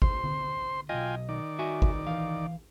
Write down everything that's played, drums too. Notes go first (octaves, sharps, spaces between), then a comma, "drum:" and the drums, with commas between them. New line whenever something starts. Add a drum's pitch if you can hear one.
C5 C6, drum: kick
drum: tom D3
B1 E2 F4 D#5 G5 G#5
D#3 D5
F#4 E5 G#5
drum: kick
E3 F5